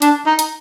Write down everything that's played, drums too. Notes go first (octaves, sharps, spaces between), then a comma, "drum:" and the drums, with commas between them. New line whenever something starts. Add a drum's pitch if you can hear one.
D4, drum: hi-hat
D#4
drum: hi-hat